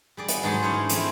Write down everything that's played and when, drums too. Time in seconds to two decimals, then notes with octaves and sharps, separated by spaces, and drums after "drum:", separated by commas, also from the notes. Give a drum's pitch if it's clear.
0.17 G3 G#4 D5
0.28 B3, drum: hi-hat
0.43 G#2 F#3 G#4 C#5 A5 C6
0.63 C#4 D#4 E4 C5 C#5
0.74 D4
0.89 F3 A3 C4 E4, drum: hi-hat